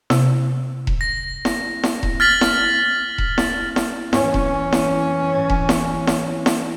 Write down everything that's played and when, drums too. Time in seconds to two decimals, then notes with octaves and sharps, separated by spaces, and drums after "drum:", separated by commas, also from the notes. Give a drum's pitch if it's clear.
0.10 C3, drum: snare E4
0.87 drum: kick E1
1.01 A#6
1.45 drum: snare E4
1.83 drum: snare E4
2.03 drum: kick E1
2.20 F6 A6 B6 F#7
2.41 drum: snare E4
3.18 drum: kick E1
3.38 drum: snare E4
3.76 drum: snare E4
4.13 E3 C#4, drum: snare E4
4.34 drum: kick E1
4.72 drum: snare E4
5.50 drum: kick E1
5.69 drum: snare E4
6.07 drum: snare E4
6.46 drum: snare E4